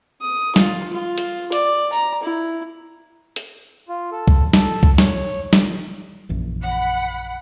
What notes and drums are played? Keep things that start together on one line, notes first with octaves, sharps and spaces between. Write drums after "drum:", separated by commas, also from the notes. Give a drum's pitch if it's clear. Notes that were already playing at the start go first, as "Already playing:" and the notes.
D#6
F4, drum: snare
F4
drum: hi-hat
D5, drum: hi-hat
A#5, drum: tambourine
E4
drum: hi-hat
F4
A4
drum: kick C2
A4, drum: snare
drum: kick C2
C#5, drum: snare
drum: snare
A#1 F#2 E3
F#5 B5